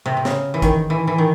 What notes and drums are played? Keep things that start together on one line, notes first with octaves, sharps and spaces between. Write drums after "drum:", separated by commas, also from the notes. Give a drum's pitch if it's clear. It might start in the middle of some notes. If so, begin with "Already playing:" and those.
C3
C3
C#3, drum: snare
E3
D#3, drum: kick, hi-hat
E3
E3
D#3